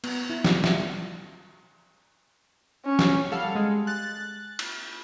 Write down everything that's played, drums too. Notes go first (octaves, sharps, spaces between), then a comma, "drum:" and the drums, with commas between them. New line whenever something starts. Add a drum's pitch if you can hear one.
B3, drum: cymbal
E4
D5, drum: snare
E5, drum: snare
C#4
drum: snare
G3 A4 F5 F#5
G#3
F#6 A6
drum: cymbal